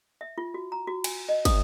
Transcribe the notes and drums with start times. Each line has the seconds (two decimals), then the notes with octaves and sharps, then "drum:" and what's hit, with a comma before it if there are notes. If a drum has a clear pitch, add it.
0.21 E5
0.38 F4
0.54 F#4
0.72 A#5
0.87 F#4
1.04 G#5, drum: cymbal
1.29 D#5
1.45 D#6, drum: kick, cymbal